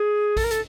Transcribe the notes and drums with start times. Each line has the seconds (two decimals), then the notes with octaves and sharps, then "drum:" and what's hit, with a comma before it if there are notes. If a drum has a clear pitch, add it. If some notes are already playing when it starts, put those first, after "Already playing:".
Already playing: G#4
0.37 A4, drum: kick A#1, open hi-hat
0.43 A#4
0.51 A4, drum: hi-hat